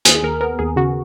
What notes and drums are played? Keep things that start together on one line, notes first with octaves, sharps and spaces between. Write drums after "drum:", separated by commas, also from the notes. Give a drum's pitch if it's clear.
D#2 G#4, drum: hi-hat
D#2 A#4
B3 A#4
D#2 G#4
C#3 F#4